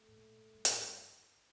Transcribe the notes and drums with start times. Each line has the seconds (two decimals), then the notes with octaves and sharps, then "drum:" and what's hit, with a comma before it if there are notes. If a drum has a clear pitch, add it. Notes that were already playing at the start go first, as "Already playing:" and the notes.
Already playing: A3
0.08 A2
0.17 A#2
0.54 G2
0.65 A2, drum: hi-hat
0.81 G2